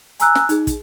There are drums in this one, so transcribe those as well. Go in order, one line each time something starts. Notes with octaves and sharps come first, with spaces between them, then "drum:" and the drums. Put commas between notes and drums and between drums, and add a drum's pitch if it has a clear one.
G#5 A#5 E6 F#6, drum: hi-hat
drum: snare
D#4 G#4, drum: hi-hat
drum: kick, hi-hat